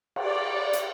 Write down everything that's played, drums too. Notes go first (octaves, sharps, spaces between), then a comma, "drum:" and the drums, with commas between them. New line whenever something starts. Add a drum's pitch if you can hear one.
D5, drum: cymbal
drum: hi-hat